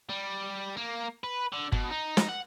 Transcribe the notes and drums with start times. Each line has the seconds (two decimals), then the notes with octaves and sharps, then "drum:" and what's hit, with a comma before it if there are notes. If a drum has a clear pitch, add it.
0.09 G3
0.77 A#3
1.24 B4
1.53 D3
1.72 B2, drum: kick G1
1.90 D#4
2.17 drum: snare
2.29 F#5